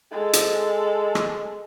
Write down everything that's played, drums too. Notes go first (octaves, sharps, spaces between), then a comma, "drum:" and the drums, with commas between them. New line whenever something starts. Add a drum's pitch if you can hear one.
G#3 A4
drum: hi-hat
drum: rim click